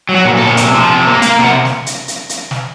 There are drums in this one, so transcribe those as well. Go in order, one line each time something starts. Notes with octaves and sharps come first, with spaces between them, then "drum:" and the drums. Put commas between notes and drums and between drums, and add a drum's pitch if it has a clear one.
F#3
F#4
A#2
A#2 A4
C3, drum: hi-hat
F3
C3
A#3
A#3 F5, drum: hi-hat
C3 F#5
drum: snare
drum: hi-hat
drum: hi-hat
drum: hi-hat
drum: snare